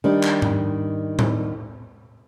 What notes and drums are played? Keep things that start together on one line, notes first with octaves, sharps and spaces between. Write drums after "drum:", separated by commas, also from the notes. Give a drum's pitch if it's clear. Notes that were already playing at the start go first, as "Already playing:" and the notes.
D#3 G3 D4
drum: clap
drum: tom G#2
drum: tom A2